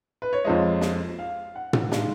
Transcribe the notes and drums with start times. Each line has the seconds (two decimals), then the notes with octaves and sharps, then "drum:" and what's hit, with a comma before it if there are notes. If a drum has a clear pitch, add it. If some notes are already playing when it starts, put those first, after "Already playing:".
0.22 B4
0.33 C#5
0.45 F2 F3 G#3 D#5
0.81 drum: snare
1.19 F5
1.55 F#5
1.73 drum: tom
1.92 D#3 G#3 F5, drum: snare